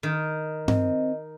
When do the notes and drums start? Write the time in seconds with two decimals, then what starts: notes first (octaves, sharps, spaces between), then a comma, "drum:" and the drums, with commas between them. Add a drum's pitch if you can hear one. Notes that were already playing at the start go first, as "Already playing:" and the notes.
0.03 D#3
0.68 C4 D#5, drum: tom G2